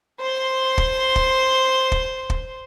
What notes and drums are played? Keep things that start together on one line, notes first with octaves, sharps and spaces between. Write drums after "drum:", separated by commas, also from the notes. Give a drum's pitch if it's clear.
C5 C6
drum: kick
drum: kick
drum: kick
drum: kick